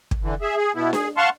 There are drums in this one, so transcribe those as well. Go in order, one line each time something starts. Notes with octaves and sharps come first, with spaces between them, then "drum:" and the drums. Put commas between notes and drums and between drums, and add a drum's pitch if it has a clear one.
drum: kick
D3 E3
G#4 E5
G#4
B2 B3 E4
G#4, drum: snare D4
F5 F#5 A5 C6 C#6